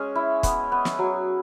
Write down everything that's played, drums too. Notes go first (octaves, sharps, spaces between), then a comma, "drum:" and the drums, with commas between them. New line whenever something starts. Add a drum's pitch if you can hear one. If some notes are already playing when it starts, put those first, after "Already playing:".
Already playing: G#3 C#4 G#4
E4
B3, drum: kick, hi-hat
B3
drum: snare
F#3